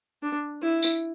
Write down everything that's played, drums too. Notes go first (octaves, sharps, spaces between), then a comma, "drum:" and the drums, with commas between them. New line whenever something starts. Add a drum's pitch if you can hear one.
D4
E4
drum: tambourine